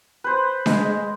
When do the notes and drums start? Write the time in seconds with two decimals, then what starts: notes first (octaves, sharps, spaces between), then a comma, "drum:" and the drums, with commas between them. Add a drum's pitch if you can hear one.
0.24 B4 C5
0.66 G#3, drum: snare D4